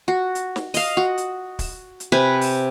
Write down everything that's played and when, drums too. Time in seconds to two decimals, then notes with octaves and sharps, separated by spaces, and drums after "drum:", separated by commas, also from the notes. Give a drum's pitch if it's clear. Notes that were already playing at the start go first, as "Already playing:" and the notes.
0.08 F#4
0.35 drum: hi-hat
0.56 drum: snare
0.74 D#5 F5, drum: open hi-hat
0.97 F#4
1.18 drum: hi-hat
1.59 drum: kick, open hi-hat
2.00 drum: hi-hat
2.12 C3 B4 G#5
2.41 drum: open hi-hat